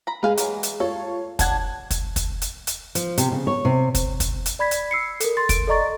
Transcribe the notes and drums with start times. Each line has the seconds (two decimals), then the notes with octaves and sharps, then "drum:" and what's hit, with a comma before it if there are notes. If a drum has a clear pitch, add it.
0.07 A#5 B5
0.23 G#3 B4 F5 G#5
0.37 E3 F#3, drum: hi-hat
0.63 drum: hi-hat
0.80 F4 A4 C#5
1.39 D4 A4 F#5 A5 G#6, drum: kick, hi-hat
1.90 drum: kick, hi-hat
2.16 drum: kick, hi-hat
2.42 drum: hi-hat
2.67 drum: hi-hat
2.95 F3, drum: hi-hat
3.17 C3, drum: hi-hat
3.32 C#3
3.47 C#5
3.65 C3
3.95 drum: kick, hi-hat
4.20 drum: kick, hi-hat
4.46 drum: hi-hat
4.59 D5 B5 G#6 B6
4.71 drum: hi-hat
4.91 E6 C7 C#7
5.20 A4 A#4, drum: hi-hat
5.37 C6 A6
5.49 D7, drum: kick, hi-hat
5.67 A4 D5 D#5 A#5 C#6 A6